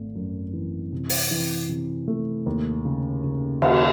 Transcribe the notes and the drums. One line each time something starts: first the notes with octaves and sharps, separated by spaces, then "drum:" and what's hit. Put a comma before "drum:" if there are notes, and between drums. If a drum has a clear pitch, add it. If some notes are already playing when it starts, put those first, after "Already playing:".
Already playing: G#1 A3
F#2
E3
C3
drum: open hi-hat
E3
C3
A3
D#2
C#3
C#3
D#2, drum: cymbal